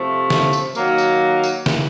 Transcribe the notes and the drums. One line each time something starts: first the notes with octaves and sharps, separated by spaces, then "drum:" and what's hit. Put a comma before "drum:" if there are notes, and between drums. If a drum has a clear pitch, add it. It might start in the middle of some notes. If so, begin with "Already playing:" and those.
Already playing: C3 F3 A3
drum: snare
drum: tambourine
D#3 F#3 A#3, drum: tambourine
drum: tambourine
drum: tambourine
drum: snare